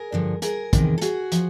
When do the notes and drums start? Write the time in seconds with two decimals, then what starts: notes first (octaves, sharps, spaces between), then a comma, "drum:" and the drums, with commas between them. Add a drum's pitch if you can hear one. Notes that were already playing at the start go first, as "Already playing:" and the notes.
Already playing: G#4 A#4
0.12 G2 D3 F3
0.42 G#4 A#4, drum: hi-hat
0.73 E2 C3 D#3, drum: kick, hi-hat
0.98 A4
1.02 F#4 G#4, drum: hi-hat
1.32 F3, drum: hi-hat